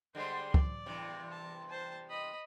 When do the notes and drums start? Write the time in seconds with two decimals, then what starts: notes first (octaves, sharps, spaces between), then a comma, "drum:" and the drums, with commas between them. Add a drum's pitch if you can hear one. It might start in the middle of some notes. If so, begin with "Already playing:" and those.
0.15 D3 G3 G#3 C5 C6
0.54 D5, drum: kick C#2
0.86 E2 G2 C3
1.31 A5
1.69 C5 A5
2.09 D#5 B5